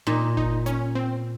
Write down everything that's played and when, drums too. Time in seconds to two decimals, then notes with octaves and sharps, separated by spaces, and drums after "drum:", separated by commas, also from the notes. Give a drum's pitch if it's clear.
0.07 A#2 D#4
0.37 D#4, drum: kick G1
0.66 C#4, drum: hi-hat
0.95 C4